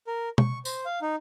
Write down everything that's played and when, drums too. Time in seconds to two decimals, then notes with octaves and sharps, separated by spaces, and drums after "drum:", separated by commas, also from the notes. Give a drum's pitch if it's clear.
0.07 A#4
0.38 C#6, drum: tom B2
0.65 C5, drum: tambourine
0.85 F5
1.02 D#4